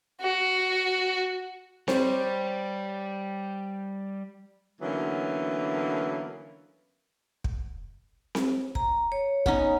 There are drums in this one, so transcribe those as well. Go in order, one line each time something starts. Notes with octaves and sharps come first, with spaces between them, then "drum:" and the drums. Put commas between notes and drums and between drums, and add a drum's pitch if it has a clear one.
F#4
G3 C5 C#5, drum: snare C4
D3 E3 F#3 A#3 B3 C#4
drum: kick
drum: snare C4
A#5, drum: kick
C#5
B3 C#4 D#4, drum: kick